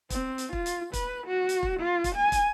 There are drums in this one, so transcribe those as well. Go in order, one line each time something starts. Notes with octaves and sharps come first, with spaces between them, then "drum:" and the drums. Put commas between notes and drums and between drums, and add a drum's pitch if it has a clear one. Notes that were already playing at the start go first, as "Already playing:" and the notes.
C4, drum: kick, hi-hat
drum: hi-hat
F4, drum: kick
drum: hi-hat
B4, drum: kick, hi-hat
F#4
drum: hi-hat
drum: kick
F4
drum: kick, hi-hat
G#5
drum: kick, hi-hat